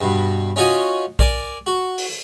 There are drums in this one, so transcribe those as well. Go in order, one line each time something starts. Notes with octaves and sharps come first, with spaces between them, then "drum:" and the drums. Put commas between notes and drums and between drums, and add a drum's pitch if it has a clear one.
G2 B2
C#4 D#4 F4 F#4 D#5 G#5
A#4 D5 G#5, drum: kick A#1
F#4
drum: open hi-hat